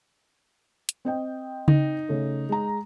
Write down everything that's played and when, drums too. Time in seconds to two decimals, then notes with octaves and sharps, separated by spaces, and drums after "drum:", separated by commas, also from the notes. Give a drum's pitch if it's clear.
0.89 drum: hi-hat
1.05 C4 D#5 G5
1.68 D#4, drum: tom C#3
2.09 C#3 A3
2.49 G#3 A#5